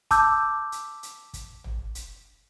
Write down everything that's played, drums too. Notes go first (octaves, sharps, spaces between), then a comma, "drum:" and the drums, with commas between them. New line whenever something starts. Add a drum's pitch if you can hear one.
A5 D6 E6 G6, drum: kick, hi-hat
drum: hi-hat
drum: hi-hat
drum: kick, hi-hat
drum: tom
drum: hi-hat